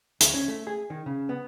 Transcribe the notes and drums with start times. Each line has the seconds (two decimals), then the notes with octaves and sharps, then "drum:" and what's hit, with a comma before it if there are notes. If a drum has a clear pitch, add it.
0.20 D2, drum: hi-hat
0.34 C#4
0.48 A3
0.67 G#4
0.90 D#3
1.06 C#3
1.29 B3